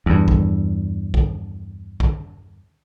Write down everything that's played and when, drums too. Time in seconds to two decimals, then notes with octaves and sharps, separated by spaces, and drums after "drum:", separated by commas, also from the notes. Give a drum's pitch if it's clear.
0.06 E2 G2
0.28 drum: kick A#1
1.14 drum: kick A#1
2.00 drum: kick A#1